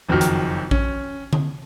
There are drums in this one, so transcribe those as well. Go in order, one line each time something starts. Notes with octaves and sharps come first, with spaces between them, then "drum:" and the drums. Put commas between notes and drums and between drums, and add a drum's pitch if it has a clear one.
F#1 F2 D#3 F#3
drum: hi-hat
C#4, drum: kick A#1
drum: tom D3